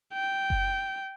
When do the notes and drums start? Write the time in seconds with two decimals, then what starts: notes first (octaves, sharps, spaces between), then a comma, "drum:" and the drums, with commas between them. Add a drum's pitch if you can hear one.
0.13 G5
0.50 drum: kick F#1